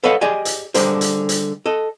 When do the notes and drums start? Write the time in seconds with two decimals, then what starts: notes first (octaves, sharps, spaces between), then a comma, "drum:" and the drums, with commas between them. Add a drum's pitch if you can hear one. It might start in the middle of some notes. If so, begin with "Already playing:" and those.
0.04 A4 B4 C#5 D#5 F5 F#5
0.21 G4 G#4 D5 D#5 G#5
0.45 drum: hi-hat
0.74 D3 G3 G#3 A#4 C5, drum: hi-hat
1.01 drum: hi-hat
1.29 drum: hi-hat
1.66 A4 D#5